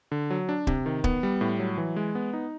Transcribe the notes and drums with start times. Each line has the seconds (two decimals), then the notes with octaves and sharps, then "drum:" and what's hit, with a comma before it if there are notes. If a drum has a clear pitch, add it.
0.12 D3
0.30 F#3
0.49 D4
0.67 C3, drum: kick
0.86 D#3
1.04 B3, drum: kick
1.23 G3
1.41 A2
1.60 F#3
1.78 E3
1.96 G#3
2.15 B3
2.33 D#4